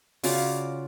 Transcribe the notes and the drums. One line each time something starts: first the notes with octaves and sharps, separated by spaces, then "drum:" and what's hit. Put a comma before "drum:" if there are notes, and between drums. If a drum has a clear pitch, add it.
C#3 F4 F#4 D5, drum: open hi-hat